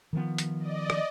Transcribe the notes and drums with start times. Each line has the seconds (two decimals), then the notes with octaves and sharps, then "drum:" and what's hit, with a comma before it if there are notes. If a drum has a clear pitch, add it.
0.13 D#3 F3 B3
0.38 drum: hi-hat
0.59 D5 D#5
0.90 drum: rim click